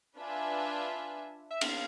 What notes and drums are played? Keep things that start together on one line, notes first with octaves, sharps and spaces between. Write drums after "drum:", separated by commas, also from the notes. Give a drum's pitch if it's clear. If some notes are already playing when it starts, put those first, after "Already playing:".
D4 F4 B4 E5 G#5
E5
F5, drum: cymbal